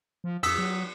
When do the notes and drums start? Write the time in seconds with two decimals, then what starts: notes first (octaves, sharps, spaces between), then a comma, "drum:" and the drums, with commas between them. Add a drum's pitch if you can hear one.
0.24 F3
0.43 F2 D#6 E6 B6, drum: cymbal
0.58 F#3